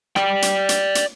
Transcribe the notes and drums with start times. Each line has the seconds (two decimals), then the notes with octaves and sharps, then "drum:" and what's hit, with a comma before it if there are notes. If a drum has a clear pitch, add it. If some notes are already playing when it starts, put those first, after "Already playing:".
0.16 D5 G5, drum: rim click
0.42 drum: hi-hat
0.69 drum: hi-hat
0.95 drum: hi-hat